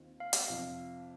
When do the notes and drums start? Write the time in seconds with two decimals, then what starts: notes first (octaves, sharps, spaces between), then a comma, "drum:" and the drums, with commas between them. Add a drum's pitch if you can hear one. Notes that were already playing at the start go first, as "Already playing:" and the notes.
Already playing: D#2 D#3 C4 F4
0.20 F5
0.33 drum: hi-hat
0.49 F2 C3 F3 C4